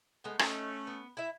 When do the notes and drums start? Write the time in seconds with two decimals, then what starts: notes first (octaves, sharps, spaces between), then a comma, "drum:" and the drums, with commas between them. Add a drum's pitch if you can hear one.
0.24 G#3 A3 B3
0.39 A3 C#4 D#4, drum: rim click
0.87 B3
1.17 E4 E5